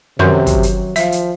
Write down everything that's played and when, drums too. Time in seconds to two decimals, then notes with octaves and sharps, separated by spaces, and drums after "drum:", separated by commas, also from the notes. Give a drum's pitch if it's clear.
0.19 F#2 C3 D#3 F3 F#3 C#6
0.47 drum: kick, hi-hat
0.63 drum: hi-hat
0.96 F3 E5 F5, drum: hi-hat
1.12 drum: hi-hat